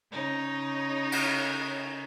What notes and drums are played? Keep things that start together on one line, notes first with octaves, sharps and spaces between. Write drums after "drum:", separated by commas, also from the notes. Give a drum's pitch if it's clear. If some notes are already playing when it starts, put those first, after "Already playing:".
C#3 D#4 C#5
drum: cymbal